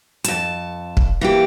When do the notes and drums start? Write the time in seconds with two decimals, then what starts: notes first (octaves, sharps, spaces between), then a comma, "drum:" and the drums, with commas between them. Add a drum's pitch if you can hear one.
0.24 F2 A5, drum: hi-hat
0.97 drum: kick
1.21 E3 A#3 G4